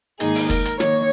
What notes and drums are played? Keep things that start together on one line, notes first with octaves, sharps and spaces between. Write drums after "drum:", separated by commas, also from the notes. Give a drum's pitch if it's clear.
G#2 D#3 A#3 D#4 G#4, drum: hi-hat
drum: open hi-hat
A#4, drum: kick, hi-hat
drum: hi-hat
D#3 A#3 C#5, drum: snare